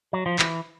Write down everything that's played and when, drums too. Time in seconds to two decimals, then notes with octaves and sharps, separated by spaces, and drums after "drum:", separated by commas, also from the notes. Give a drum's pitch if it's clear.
0.13 F#3
0.26 F3
0.39 E3, drum: clap